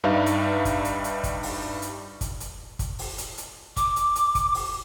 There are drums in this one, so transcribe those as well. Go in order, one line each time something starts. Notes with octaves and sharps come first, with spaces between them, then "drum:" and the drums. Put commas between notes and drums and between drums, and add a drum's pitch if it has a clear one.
G2 G3 D#4 B4 E5 F5
drum: hi-hat
drum: kick, hi-hat
drum: hi-hat
drum: hi-hat
drum: kick, hi-hat
drum: open hi-hat
drum: hi-hat
drum: kick, hi-hat
drum: hi-hat
drum: kick, hi-hat
drum: open hi-hat
drum: hi-hat
drum: hi-hat
D6, drum: kick, hi-hat
drum: hi-hat
drum: hi-hat
drum: kick, hi-hat
drum: open hi-hat